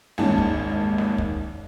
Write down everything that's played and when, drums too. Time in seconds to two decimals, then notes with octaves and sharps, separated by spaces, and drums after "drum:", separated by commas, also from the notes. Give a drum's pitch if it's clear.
0.18 G#1 D#2 G#2 C#4 A5, drum: snare
0.38 drum: kick
0.98 drum: snare
1.18 drum: kick